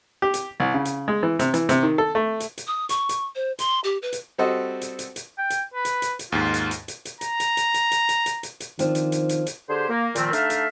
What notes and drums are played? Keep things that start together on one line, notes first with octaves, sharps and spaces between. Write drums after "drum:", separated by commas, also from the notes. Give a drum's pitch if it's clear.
G4
drum: hi-hat
C2
C#3
drum: hi-hat
G#3
E3
C3, drum: hi-hat
E3, drum: hi-hat
C3, drum: hi-hat
D#3
A4
A3
drum: hi-hat
drum: hi-hat
D#6
C#6, drum: hi-hat
drum: hi-hat
C5
C6, drum: hi-hat
G4
B4
drum: hi-hat
G3 C4 F#4 A4 C5 D#5
drum: hi-hat
drum: hi-hat
drum: hi-hat
G5
drum: hi-hat
B4
drum: hi-hat
drum: hi-hat
drum: hi-hat
D#2 G#2 F4
drum: hi-hat
drum: hi-hat
drum: hi-hat
drum: hi-hat
A#5, drum: hi-hat
drum: hi-hat
drum: hi-hat
drum: hi-hat
drum: hi-hat
drum: hi-hat
drum: hi-hat
drum: hi-hat
drum: hi-hat
D#3 F3 C4 D4, drum: hi-hat
drum: hi-hat
drum: hi-hat
drum: hi-hat
drum: hi-hat
D3 G4 G#4 C5
A#3
A#2 D#3 F3 A3 C4, drum: hi-hat
A3 D4 D#4 E5 F5, drum: hi-hat
drum: hi-hat